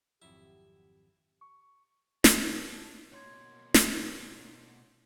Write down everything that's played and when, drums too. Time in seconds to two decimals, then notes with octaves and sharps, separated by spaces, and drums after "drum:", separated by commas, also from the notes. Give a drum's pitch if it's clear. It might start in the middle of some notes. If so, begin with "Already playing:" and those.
0.22 G#1 F2 F#3 E4 G4
1.41 C#6
2.24 A5, drum: snare
3.12 B2 A#3 C#5 C6 G#6
3.74 drum: snare